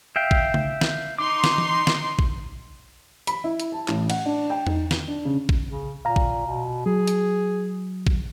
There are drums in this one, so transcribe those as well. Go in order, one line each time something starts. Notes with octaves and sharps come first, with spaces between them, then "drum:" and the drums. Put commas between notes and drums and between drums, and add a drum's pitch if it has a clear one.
E5 F5 G5
drum: kick A#1
drum: tom C#3
drum: snare
D#4 C6 D6
drum: snare
drum: tom E3
drum: snare
drum: kick A#1
B5, drum: hi-hat
E4
drum: hi-hat
A5
A1, drum: clap
F#5, drum: cymbal
D4
G5
D#4, drum: tom E2
G7, drum: snare
D4
C#3
drum: kick A#1
C#3
A#2 F5 A#5
drum: kick A#1
B2
F#3 G#4
drum: hi-hat
drum: kick A#1